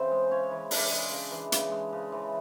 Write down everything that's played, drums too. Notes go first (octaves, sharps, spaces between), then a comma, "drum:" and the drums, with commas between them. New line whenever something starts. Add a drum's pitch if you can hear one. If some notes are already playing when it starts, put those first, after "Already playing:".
Already playing: C#3 E3 C4 C5
G#3
C#3 C#4 C#5
E3
C#3 D4 D5, drum: open hi-hat
G#3
C#3
E3
C#3, drum: hi-hat
G#3
C#3
E3